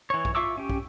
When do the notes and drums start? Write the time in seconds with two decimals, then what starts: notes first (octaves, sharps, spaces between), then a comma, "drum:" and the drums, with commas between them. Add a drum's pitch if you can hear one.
0.10 E3 C#5
0.25 drum: kick
0.35 F4 E5 C#6 D6 E6
0.58 C#4 G4
0.69 drum: kick